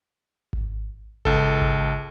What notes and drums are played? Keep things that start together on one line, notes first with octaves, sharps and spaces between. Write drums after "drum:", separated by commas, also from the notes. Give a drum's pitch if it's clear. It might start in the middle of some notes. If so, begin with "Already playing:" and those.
drum: kick G#1
C#2 A4, drum: kick G#1
drum: kick G#1